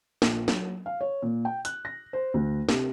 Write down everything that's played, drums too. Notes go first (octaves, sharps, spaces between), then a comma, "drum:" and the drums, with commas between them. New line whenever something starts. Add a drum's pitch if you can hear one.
A#1, drum: snare
F#3, drum: snare
F5
C#5
A#2
G5
F#6, drum: hi-hat
A#6
C5
D2
C3, drum: snare